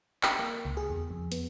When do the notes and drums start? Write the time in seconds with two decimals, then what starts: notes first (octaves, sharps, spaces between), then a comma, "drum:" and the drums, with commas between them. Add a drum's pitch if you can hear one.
0.23 G5, drum: clap
0.39 A#3
0.65 C#2
0.77 G#4
0.90 E2
1.11 F2
1.32 B3, drum: hi-hat